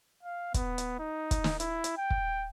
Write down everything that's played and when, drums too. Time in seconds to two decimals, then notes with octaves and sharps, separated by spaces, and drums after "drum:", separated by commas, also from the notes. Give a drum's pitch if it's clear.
0.23 F5
0.54 B3, drum: kick, hi-hat
0.78 drum: hi-hat
0.99 D#4
1.31 drum: kick, hi-hat
1.44 drum: snare
1.60 E4, drum: hi-hat
1.84 drum: hi-hat
1.97 G5
2.10 drum: kick